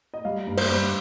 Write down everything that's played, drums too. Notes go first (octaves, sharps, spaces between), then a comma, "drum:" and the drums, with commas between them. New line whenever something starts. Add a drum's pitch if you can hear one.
D#5
G3 F5
G2
C5, drum: cymbal
G2